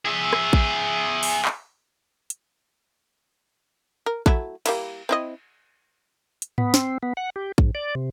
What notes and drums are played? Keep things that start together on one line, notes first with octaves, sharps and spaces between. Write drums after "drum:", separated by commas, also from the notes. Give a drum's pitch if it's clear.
G#4 E5
drum: rim click
drum: kick A#1
drum: open hi-hat
drum: clap
drum: hi-hat
A#4
F#3 A3 E4, drum: kick A#1
G3 A#3 E4, drum: cymbal
C4 E4 D#5
drum: hi-hat
B3, drum: tom G#2
C4, drum: snare
B3
F#5
G4
G#2, drum: kick A#1
D5
C3